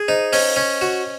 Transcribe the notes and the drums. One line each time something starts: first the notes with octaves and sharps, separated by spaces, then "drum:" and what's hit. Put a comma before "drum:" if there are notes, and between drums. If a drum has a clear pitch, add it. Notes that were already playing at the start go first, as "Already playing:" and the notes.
Already playing: G#4
D#4 C5 D#5
C#4 C5 D#5, drum: open hi-hat
C#4
F#4